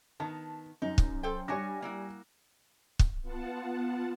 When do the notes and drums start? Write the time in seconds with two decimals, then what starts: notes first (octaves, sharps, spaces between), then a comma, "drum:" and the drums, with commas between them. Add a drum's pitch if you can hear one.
0.20 D#3 B3 A5
0.82 F#2 D#4
0.98 drum: kick
1.23 A4 C5 G5
1.48 G3 D4 F#4 C#5 G#5 A#6
1.82 A#3 E4 F#4
2.99 drum: kick
3.22 B3 F4 F#5 A5